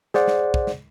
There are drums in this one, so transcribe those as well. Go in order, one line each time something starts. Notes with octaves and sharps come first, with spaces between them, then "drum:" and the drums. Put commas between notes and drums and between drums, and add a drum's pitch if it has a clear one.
G#4 C5 D5 F#5, drum: snare
drum: snare
drum: kick
drum: snare